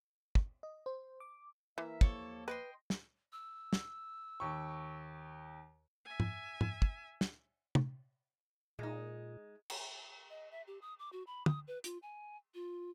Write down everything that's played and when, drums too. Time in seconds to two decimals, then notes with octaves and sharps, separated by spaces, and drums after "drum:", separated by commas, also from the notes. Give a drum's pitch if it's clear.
0.35 drum: kick
0.63 D#5
0.86 C5
1.20 D6
1.78 E3 A#3 A#4 E5
2.01 D#2 F3 A#3 A4 C#5, drum: kick
2.48 B4 D#5 G5 C6
2.90 drum: snare
3.32 E6
3.73 drum: snare
4.40 D#2 C#6
6.05 E5 G#5
6.20 drum: tom
6.61 drum: tom
6.82 drum: kick
7.21 drum: snare
7.75 drum: tom
8.79 A#2 G#3 D#4
9.70 drum: cymbal
10.30 D#5
10.51 E5
10.67 G4
10.82 D#6
10.99 D6
11.12 F#4
11.27 B5
11.46 D#6, drum: tom
11.68 B4
11.84 F4, drum: hi-hat
12.02 G#5
12.54 F4